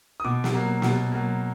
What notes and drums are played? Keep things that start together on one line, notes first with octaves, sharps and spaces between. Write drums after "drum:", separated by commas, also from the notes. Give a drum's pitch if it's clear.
D#6
B2 D6
drum: snare
F#3 A#3
B2, drum: snare
F#3 A#3